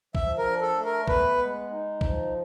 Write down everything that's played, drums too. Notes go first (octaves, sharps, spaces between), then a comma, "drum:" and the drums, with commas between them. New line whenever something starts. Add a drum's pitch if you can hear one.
F3 E5, drum: kick
A#4
D4
A4
A3
A#4
B3 B4, drum: kick
G#3
D#4
F3, drum: kick